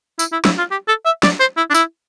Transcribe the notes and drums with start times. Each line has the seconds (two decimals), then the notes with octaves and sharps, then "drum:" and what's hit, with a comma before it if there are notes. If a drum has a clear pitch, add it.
0.19 E4, drum: tambourine
0.32 E4
0.45 E4, drum: snare
0.58 F4
0.71 G4
0.88 A4
1.06 E5
1.23 D5, drum: snare
1.40 C5
1.57 E4
1.70 D4
1.74 E4, drum: tambourine